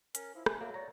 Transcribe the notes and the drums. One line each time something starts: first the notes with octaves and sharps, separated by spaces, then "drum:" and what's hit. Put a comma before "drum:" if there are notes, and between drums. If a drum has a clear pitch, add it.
C#4 A#4, drum: hi-hat
F3 E4
A3 G#5, drum: rim click
F#3 A#3 E5
C#5 D5 A#5